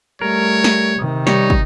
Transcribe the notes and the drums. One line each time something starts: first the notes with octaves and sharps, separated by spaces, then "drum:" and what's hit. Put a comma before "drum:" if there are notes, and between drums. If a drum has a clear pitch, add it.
G3 A3 A#4 C#5
drum: snare
C3 D#3
G3 D#4 C#5, drum: snare
drum: kick